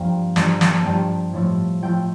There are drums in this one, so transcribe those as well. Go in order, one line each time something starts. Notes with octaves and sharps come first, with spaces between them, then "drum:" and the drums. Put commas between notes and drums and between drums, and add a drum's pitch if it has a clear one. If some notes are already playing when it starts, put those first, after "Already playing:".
Already playing: G2 F3 A#3 F5 G5
G2 F3 A#3, drum: snare
drum: snare
A5
G2 F3 A#3 G5
A2 F3 A3
A2 F3 A3 G5